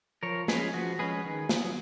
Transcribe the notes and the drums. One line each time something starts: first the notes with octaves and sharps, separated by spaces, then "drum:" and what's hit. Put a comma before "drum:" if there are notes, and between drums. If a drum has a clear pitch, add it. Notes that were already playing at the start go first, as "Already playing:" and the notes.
F3 A#4 C#5
G#3 C#4 G#4 B4, drum: snare
F3 F#4
G#3 C#4 G#4 B4
D#3
F#3 B3, drum: snare